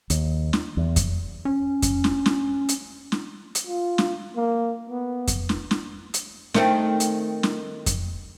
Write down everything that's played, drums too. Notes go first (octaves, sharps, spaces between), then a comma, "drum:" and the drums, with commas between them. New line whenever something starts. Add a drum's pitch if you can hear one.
D#2, drum: hi-hat
drum: snare
E2
drum: kick F2, hi-hat
C#4
drum: kick F2, hi-hat
drum: snare
drum: snare
drum: hi-hat
drum: snare
drum: hi-hat
F4
drum: snare
A#3
B3
drum: kick F2, hi-hat
drum: snare
drum: snare
drum: hi-hat
D#3 A3 C4, drum: snare
drum: hi-hat
drum: snare
drum: kick F2, hi-hat